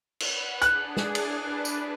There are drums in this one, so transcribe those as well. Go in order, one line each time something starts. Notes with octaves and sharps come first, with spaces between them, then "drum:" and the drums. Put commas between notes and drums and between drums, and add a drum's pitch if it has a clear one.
B4 F#5, drum: cymbal
D4 G#4 F#6, drum: hi-hat
drum: snare
drum: cymbal
D4 B4
drum: tambourine